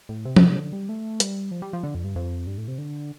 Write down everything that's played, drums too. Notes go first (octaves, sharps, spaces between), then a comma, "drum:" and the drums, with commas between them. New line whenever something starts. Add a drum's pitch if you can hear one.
A2
C3
drum: tom F3
D3
G3
A3
G3, drum: hi-hat
F3
G3
F3
D3
F2
G2
F2
G2
A2
C3
D3